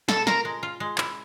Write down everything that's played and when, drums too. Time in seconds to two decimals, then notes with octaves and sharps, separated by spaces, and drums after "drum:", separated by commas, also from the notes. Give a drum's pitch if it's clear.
0.09 B2 A4, drum: snare
0.27 F4 A#4, drum: snare
0.45 G#3
0.63 F4
0.80 G#3
0.98 E4, drum: clap